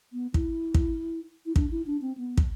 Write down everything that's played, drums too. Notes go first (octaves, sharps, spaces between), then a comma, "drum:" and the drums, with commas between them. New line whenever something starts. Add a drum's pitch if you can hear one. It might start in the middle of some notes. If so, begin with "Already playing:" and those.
B3
E4, drum: kick
drum: kick
E4
D4, drum: kick
E4
D4
C4
B3
drum: kick